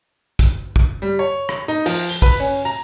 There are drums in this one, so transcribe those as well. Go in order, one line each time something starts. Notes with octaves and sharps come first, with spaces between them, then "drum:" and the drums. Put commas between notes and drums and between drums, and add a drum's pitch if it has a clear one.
drum: kick, hi-hat
drum: kick
G3
C#5
drum: rim click
D#4
F3, drum: open hi-hat
G7
B4, drum: kick
C#4
A#5